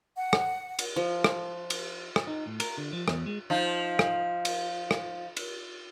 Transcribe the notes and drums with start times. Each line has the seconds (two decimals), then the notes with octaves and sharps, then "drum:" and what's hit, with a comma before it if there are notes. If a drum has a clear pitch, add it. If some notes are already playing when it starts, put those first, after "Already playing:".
0.16 F#5
0.33 drum: rim click
0.79 drum: cymbal
0.96 F3
1.24 drum: rim click
1.70 drum: cymbal
2.16 drum: rim click
2.27 D#4
2.47 A2
2.60 A#4, drum: cymbal
2.78 D3
2.93 F3
3.08 E2, drum: rim click
3.26 G#3
3.50 F3 D#4
3.99 drum: rim click
4.45 drum: cymbal
4.91 drum: rim click
5.37 drum: cymbal